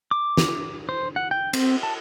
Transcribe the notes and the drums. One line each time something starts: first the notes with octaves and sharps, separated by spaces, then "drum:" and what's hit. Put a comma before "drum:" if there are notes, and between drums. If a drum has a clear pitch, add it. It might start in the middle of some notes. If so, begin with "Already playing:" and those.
D6
drum: snare
C5
F#5
G5
C4, drum: cymbal
A5